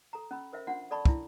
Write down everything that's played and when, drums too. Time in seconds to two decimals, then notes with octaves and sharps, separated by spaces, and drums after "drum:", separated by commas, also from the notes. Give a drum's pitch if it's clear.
0.13 A4 A#5
0.31 C#4 B5 E6
0.53 A#4 C5 E5 F5
0.67 C#4 D4 F4 F#5 C6
0.91 A4 D5 A5 B5 C#6
1.05 D4 E4, drum: kick